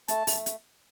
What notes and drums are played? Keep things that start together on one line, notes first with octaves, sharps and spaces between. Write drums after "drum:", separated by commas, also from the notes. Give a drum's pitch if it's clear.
A3 A5, drum: hi-hat
A3, drum: open hi-hat
drum: hi-hat